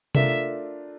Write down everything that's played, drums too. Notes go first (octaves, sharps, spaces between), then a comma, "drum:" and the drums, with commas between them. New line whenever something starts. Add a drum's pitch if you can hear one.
A3 D4 F4 A#4 E5, drum: tom C3